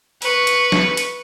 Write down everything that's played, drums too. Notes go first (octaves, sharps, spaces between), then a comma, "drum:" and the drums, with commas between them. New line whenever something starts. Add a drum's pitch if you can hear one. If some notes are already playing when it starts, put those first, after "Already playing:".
B4 C#6, drum: open hi-hat
drum: hi-hat
drum: snare
drum: hi-hat